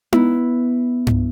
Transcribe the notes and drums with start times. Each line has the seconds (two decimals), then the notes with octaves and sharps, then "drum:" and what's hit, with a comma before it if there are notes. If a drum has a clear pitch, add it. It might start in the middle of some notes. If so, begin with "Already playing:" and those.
0.13 B3 E4, drum: tom D#4
1.07 drum: tom G2